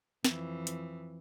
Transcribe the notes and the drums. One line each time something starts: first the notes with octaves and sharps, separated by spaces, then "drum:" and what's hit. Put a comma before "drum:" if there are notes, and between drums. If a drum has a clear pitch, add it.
F2 E3, drum: snare
drum: hi-hat